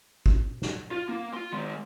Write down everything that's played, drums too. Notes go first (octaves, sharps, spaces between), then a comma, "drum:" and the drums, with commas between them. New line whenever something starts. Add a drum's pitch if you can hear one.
drum: kick
drum: snare
F4
A#3
F4 C6
D#3 G#3